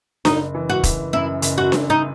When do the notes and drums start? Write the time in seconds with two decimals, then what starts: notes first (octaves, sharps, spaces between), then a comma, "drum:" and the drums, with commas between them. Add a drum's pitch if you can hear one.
0.25 F#1 D#4, drum: snare D4
0.55 E3
0.70 F#4
0.84 E3, drum: kick, hi-hat
1.13 F#2 E4
1.42 F#1, drum: hi-hat
1.58 F#4
1.72 F#1, drum: snare D4
1.90 D#4